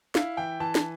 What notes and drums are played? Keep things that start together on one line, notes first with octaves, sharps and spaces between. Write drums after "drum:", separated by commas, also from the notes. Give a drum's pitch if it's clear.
E4 F5, drum: snare
E3 G5
E3 A5
drum: snare